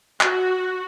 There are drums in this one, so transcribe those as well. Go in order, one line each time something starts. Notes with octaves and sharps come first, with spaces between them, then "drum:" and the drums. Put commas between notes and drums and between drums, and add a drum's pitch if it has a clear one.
F#4, drum: clap